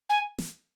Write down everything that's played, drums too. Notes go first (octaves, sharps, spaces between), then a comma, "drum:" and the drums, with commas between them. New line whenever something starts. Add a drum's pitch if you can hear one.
G#5
drum: snare